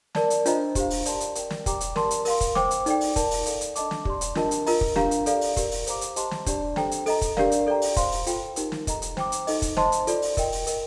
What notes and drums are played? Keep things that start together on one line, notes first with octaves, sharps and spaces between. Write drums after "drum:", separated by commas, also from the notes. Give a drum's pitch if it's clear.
A#4 D5 A5, drum: snare
drum: hi-hat
D4 F4 C5 D#5 A#5, drum: hi-hat
D4 G4 C5 F5, drum: kick, hi-hat
drum: open hi-hat
A#4 D5 A5 C6, drum: hi-hat
drum: hi-hat
A#4 D5 G5, drum: hi-hat
drum: snare
G4 D5 G5 A#5 D6, drum: kick, hi-hat
drum: hi-hat
A#4 D5 A5 C6, drum: snare
drum: hi-hat
A#4 F5 C6, drum: open hi-hat
drum: kick, hi-hat
C5 G5 D6, drum: snare
drum: hi-hat
D#4 A4 D5 G5, drum: hi-hat
drum: open hi-hat
A#4 D5 A5, drum: kick, hi-hat
drum: open hi-hat
A4 D5 F5, drum: hi-hat
drum: hi-hat
D4 A4 D#5 A5 D6, drum: hi-hat
drum: snare
G4 D5 A5 C6, drum: kick
drum: hi-hat
D4 F4 A#4 D#5 A5, drum: snare
drum: hi-hat
F4 A#4 D#5 A#5, drum: open hi-hat
drum: kick
D4 G4 A#4 F5 A#5, drum: snare
drum: hi-hat
A4 D5 F5, drum: hi-hat
drum: open hi-hat
G4 A#4 D5, drum: kick, hi-hat
drum: open hi-hat
C5 F5 A#5 D6, drum: hi-hat
drum: hi-hat
G4 C5 D#5 A5 C6, drum: hi-hat
drum: snare
D4 G4 D5 A5, drum: kick, hi-hat
D4 A4 C5 G5 A#5, drum: snare
drum: hi-hat
A4 D#5 A#5, drum: open hi-hat
drum: kick, hi-hat
D4 G4 A#4 D5 F5, drum: snare
drum: hi-hat
A4 D5 G5 A#5
drum: open hi-hat
C5 F5 C6, drum: kick, hi-hat
drum: open hi-hat
F4 A4 C5 G5 C6, drum: hi-hat
D#4 G4 A#4, drum: hi-hat
drum: snare
A4 D#5 A#5, drum: kick, hi-hat
drum: hi-hat
C5 G5 D6, drum: snare
drum: hi-hat
D#4 A4 D#5, drum: open hi-hat
drum: kick, hi-hat
C5 D#5 A5 C6, drum: snare
drum: hi-hat
F4 A4 D5, drum: hi-hat
drum: open hi-hat
A#4 D#5 G5, drum: kick, hi-hat
drum: open hi-hat
A#4 D#5 G5, drum: hi-hat